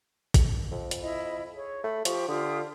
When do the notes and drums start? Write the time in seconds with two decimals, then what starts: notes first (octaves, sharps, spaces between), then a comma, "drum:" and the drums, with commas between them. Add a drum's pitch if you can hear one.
0.34 drum: kick, hi-hat
0.72 F2
0.91 drum: hi-hat
1.01 E4 D#5 B5
1.54 G#4 C#5
1.84 A3 B5
2.05 F3 F4 G4 C#6, drum: hi-hat
2.28 D3 F4 G4 D#6